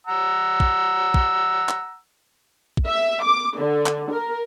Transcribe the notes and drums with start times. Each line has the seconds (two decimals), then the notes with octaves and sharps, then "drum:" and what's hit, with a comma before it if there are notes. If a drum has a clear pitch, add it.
0.07 F#5 A#5 E6
0.60 drum: kick
1.14 drum: kick
1.69 drum: clap
2.77 drum: kick
2.87 E5
3.23 D6
3.59 D3
3.86 drum: clap
4.11 A#4